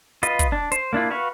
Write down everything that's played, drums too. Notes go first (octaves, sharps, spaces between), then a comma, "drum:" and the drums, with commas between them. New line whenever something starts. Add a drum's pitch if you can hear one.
F4 B4 D#5, drum: hi-hat
drum: kick, hi-hat
D4
C5, drum: hi-hat
A#3 D4 E4 F4
F#4 B4 F5 C#6